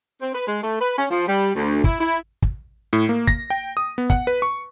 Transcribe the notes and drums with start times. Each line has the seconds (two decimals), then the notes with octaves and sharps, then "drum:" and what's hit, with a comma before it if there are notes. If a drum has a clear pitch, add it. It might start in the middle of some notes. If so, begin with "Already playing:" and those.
0.22 C4
0.34 B4
0.47 G#3
0.63 A3
0.80 B4
0.98 C#4
1.10 F3
1.27 G3
1.55 D2
1.84 E4, drum: kick
2.01 E4
2.42 drum: kick
2.93 A2
3.09 A#3
3.27 A#6, drum: kick
3.50 G5
3.77 D#6
3.98 B3
4.10 F#5, drum: kick
4.27 B4
4.42 C#6